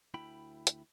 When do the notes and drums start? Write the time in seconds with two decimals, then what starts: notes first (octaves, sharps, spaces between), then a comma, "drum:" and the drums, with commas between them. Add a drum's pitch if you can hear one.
0.14 D2 E4 G5 B5
0.67 drum: hi-hat